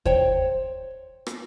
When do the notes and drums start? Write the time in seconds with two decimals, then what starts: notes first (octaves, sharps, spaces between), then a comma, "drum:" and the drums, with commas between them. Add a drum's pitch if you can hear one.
0.05 C5 C#5 G5, drum: kick D#2
1.27 drum: rim click